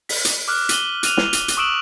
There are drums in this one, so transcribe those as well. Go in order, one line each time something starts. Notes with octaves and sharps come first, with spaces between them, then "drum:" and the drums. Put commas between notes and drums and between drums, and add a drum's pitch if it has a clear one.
B6, drum: open hi-hat
drum: hi-hat
D6 F6 F#6
B6 D#7 F#7 G7, drum: hi-hat
F#6 D#7 F7, drum: hi-hat
drum: snare
drum: hi-hat
drum: hi-hat
C#6 D#6 E6 D7 E7 F#7